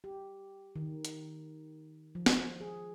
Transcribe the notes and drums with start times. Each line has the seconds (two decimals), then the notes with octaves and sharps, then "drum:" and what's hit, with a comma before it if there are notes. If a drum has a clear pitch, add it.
0.04 G4
0.76 D#3
1.05 drum: hi-hat
2.15 F3
2.26 drum: snare
2.61 G#4